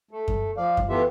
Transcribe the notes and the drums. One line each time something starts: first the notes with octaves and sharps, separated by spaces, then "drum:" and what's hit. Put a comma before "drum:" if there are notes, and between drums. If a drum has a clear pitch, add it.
A3
drum: kick F#2
F3 D5 F5
drum: kick F#2
E3 A3 B3 F4 G4 E5